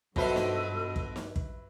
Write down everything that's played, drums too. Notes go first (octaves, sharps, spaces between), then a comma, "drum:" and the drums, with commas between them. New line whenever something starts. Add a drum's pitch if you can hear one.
G2 B2 F#3 F4 A4 B4 C5 E5, drum: kick
drum: snare
drum: kick
drum: snare
drum: kick